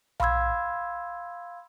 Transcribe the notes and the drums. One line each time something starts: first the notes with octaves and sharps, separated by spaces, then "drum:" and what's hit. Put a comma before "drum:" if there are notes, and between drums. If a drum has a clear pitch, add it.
F5 B5 C6 E6 G#6, drum: tom B1